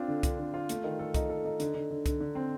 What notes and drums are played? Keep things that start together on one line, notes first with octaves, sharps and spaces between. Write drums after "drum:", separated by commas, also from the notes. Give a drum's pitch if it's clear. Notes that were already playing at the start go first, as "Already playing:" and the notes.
Already playing: C4 D4 F4
D3
D3, drum: kick C2, hi-hat
D3
F4
A3, drum: hi-hat
D#3
A4
D#4, drum: kick C2, hi-hat
A4
D#4
D3, drum: hi-hat
D3
D3
D3, drum: kick C2, hi-hat
D3
C4